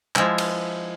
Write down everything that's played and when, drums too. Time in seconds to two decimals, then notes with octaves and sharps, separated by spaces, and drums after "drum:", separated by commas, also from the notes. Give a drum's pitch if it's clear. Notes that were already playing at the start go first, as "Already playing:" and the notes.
0.16 F3 G#3 E4, drum: clap
0.38 drum: cymbal